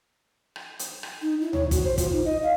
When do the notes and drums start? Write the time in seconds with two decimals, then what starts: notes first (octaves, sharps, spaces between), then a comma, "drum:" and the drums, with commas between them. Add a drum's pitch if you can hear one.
0.56 drum: rim click
0.79 drum: hi-hat
1.03 drum: rim click
1.22 D#4
1.41 E4
1.53 C#5, drum: tom D2
1.71 F#4, drum: kick, hi-hat
1.83 C5
1.98 F4, drum: kick, hi-hat
2.12 D#4
2.25 D#5
2.43 F5